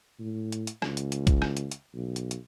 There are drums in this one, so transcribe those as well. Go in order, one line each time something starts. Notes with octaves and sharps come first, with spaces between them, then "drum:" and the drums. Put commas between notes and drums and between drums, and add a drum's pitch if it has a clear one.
A2
drum: hi-hat
drum: hi-hat
C#2, drum: rim click
drum: hi-hat
drum: hi-hat
drum: kick, hi-hat
drum: rim click
drum: hi-hat
drum: hi-hat
B1
drum: hi-hat
drum: hi-hat